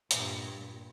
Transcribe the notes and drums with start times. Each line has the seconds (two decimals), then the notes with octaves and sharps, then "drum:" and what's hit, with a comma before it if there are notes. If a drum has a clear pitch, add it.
0.11 G2 A#2, drum: hi-hat